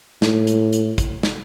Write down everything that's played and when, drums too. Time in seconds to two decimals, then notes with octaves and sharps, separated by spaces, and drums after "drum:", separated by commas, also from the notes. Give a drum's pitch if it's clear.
0.22 A2, drum: snare
0.47 drum: hi-hat
0.73 drum: hi-hat
0.98 drum: kick, hi-hat
1.23 drum: snare